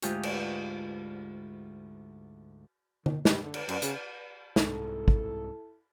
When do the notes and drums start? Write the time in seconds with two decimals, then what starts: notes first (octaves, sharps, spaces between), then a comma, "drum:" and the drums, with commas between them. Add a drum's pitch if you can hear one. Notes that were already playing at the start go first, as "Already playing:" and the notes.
0.02 D2 G#2 F4 G4 G#4 C#6, drum: hi-hat
0.23 drum: cymbal
3.06 D#3, drum: tom
3.25 G3, drum: snare
3.43 D3
3.54 drum: cymbal
3.69 F#2, drum: cymbal
3.82 C#3, drum: hi-hat
4.56 C2 G#2 E4 A4, drum: snare
5.08 drum: kick